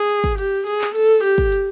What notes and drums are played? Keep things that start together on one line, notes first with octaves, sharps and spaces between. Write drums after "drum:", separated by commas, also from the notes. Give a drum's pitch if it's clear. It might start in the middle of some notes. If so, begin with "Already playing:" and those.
Already playing: G#4
drum: hi-hat
drum: kick
G4, drum: hi-hat
G#4, drum: hi-hat
drum: clap
A4, drum: hi-hat
G4, drum: hi-hat
drum: kick
drum: hi-hat